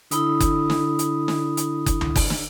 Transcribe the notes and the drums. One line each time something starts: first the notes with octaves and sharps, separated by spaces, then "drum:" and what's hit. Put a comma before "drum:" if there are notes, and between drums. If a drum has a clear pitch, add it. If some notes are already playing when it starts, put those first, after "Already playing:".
D3 E4 B5 D#6, drum: hi-hat
drum: kick F#1, hi-hat
drum: snare
drum: hi-hat
drum: snare
drum: hi-hat
drum: kick F#1, hi-hat
drum: tom C#2
drum: kick F#1, open hi-hat
drum: snare